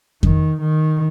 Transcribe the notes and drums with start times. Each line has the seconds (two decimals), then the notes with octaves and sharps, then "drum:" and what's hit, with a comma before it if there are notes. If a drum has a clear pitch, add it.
0.23 D#3, drum: kick F2
0.61 D#3